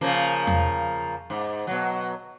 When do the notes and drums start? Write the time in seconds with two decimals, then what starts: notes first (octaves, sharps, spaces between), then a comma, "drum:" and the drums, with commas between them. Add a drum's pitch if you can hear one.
0.01 C#3 F3 A#3
0.47 drum: tom E2
1.30 G#2
1.67 B2 F#3